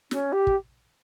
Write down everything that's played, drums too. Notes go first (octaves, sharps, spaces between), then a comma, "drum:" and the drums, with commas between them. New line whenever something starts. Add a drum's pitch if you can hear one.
C#4, drum: snare
G4
drum: kick